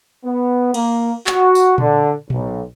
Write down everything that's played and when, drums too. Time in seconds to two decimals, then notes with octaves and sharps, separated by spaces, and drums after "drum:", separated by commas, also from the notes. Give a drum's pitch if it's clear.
0.24 B3
0.74 A#3, drum: cymbal
1.27 F#4, drum: clap
1.55 drum: tambourine
1.78 D3, drum: tom A#2
2.30 B1, drum: tom A#2